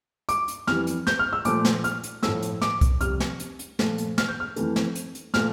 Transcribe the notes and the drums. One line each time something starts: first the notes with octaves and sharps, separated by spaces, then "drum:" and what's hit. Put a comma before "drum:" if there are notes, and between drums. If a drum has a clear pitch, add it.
D6, drum: hi-hat
drum: hi-hat
F2 E3 G3 F6, drum: snare
drum: hi-hat
G6, drum: snare
F6
E6
A#2 F3 A3 D6, drum: hi-hat
drum: snare
F6, drum: hi-hat
drum: hi-hat
A2 F3 A3 E6, drum: snare
drum: hi-hat
D6, drum: snare
drum: kick C2, hi-hat
F2 C3 G3 F6, drum: hi-hat
drum: snare
drum: hi-hat
drum: hi-hat
A#2 F3 A3, drum: snare
drum: hi-hat
F6, drum: snare
G6
F6
F2 E3 A3, drum: hi-hat
drum: snare
drum: hi-hat
drum: hi-hat
A#2 F3 A3 F6, drum: snare